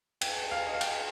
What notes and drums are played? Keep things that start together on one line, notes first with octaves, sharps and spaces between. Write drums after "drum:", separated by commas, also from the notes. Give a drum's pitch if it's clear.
G5, drum: cymbal
G5
F5
D#5
F5
G5, drum: cymbal